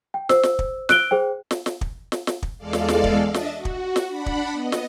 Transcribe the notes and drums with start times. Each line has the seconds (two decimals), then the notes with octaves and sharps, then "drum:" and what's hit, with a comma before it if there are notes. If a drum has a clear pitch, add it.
0.14 G5
0.29 C5 E6, drum: snare
0.43 drum: snare
0.59 drum: kick
0.89 E6 F#6 D7 G7, drum: snare
1.11 G#4 C5 G5
1.51 drum: snare
1.66 drum: snare
1.81 drum: kick
2.12 drum: snare
2.27 drum: snare
2.43 drum: kick
2.58 E2 G#3 A4 D5 F5
2.73 drum: snare
2.88 drum: snare
3.04 drum: kick
3.25 D4 D#5 E5 A6
3.34 drum: snare
3.55 F#4
3.65 drum: kick
3.96 drum: snare
4.08 D4 F#5 B5
4.26 drum: kick
4.52 B3 D#5
4.72 drum: snare